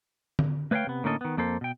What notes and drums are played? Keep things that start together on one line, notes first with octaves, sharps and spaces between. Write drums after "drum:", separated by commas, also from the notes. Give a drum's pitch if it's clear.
drum: tom D3
A3 B4 C#5 E5 F5 G5
C3 B3
A2 D3 A#3 C#4 A4 D#5
D#3 B3
F2 A#3 A4 C5
B2 G5